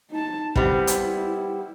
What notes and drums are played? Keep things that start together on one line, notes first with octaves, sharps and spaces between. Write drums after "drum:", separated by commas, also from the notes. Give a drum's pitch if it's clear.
D#4 A5
G3 B3 C4 E4, drum: kick
drum: hi-hat